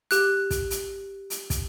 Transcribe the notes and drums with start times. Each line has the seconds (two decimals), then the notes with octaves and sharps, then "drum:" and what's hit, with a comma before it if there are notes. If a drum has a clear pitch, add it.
0.11 G4 F#6, drum: hi-hat
0.51 drum: kick, hi-hat
0.70 drum: hi-hat
1.30 drum: hi-hat
1.50 drum: kick, hi-hat